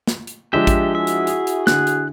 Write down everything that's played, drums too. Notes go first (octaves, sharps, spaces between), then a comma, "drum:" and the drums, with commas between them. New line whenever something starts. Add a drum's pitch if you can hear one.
drum: snare
drum: hi-hat
F3 G#3 D4 G4 E5
drum: kick A1, hi-hat
E4 F#4 G#4 E5
drum: hi-hat
drum: hi-hat
drum: hi-hat
D3 F#6, drum: snare
drum: hi-hat